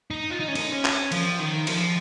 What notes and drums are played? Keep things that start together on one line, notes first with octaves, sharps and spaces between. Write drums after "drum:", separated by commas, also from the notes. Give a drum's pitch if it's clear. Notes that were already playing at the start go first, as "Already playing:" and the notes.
D#4
F4
D#4
C#4
D#4, drum: cymbal
C#4
drum: clap
F3, drum: cymbal
D#3
F3, drum: cymbal